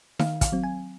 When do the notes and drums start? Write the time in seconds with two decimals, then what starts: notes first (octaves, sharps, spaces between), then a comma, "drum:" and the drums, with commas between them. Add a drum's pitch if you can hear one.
0.19 D#3 F5, drum: snare D#4
0.41 F5, drum: kick, hi-hat
0.52 F#3 C4
0.64 G#5